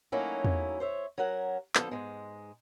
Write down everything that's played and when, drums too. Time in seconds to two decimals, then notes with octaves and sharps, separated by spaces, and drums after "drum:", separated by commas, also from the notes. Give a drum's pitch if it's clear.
0.12 F#3 A3 A#3 C#4 D#4 E4
0.45 drum: tom E2
0.80 C5 C#5 E5
1.18 F#3 C#4 A#4 F#5
1.75 D3 F3 B3 A4, drum: clap
1.91 G#2 B2 G#3